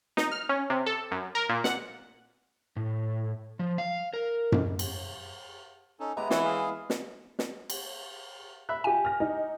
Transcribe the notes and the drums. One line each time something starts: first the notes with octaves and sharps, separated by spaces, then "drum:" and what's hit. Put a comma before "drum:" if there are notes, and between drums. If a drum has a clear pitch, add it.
D#4, drum: snare
F6
C#4
C3
A4
F#2
A#4
A#2
F#5, drum: snare
A2
F3
F5
A#4
drum: tom F#2
drum: cymbal
C#4 D#4 A4
G#3 B3 E4 G4 A#5
E3 C#5 E5 F#5, drum: snare
G#4 F5
drum: snare
drum: snare
drum: cymbal
E5 B5 F#6
F4 G4 G#5
F6 A#6
D#4